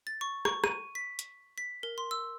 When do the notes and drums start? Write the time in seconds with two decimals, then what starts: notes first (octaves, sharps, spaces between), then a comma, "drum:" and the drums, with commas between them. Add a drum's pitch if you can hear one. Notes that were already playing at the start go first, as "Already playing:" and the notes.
0.07 A6
0.21 C#6
0.45 C#6, drum: rim click
0.64 D#7, drum: rim click
0.95 B6
1.19 drum: hi-hat
1.58 B6
1.83 A#4
1.98 C6
2.11 E6